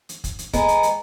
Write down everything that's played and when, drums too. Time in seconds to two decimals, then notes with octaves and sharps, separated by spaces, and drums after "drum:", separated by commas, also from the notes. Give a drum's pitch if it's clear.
0.09 drum: hi-hat
0.24 drum: kick, hi-hat
0.39 drum: hi-hat
0.53 G#3 B3 A#5, drum: kick, hi-hat
0.68 drum: hi-hat
0.83 drum: hi-hat